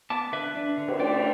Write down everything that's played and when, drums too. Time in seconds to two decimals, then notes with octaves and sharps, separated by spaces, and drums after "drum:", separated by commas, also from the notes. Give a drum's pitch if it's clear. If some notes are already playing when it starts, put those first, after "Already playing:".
0.10 B3 A5 D6
0.32 D3 B4 E5
0.55 D4
0.78 D3
0.88 drum: cymbal
1.00 A3 D5 G5